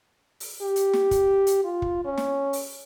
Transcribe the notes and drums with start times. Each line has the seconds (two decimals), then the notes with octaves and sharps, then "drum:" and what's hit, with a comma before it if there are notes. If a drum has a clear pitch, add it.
0.40 drum: open hi-hat
0.62 G4
0.76 drum: hi-hat
0.93 drum: snare
1.11 drum: kick, hi-hat
1.47 drum: hi-hat
1.64 F4
1.82 drum: kick
2.05 C#4
2.17 drum: snare
2.53 drum: open hi-hat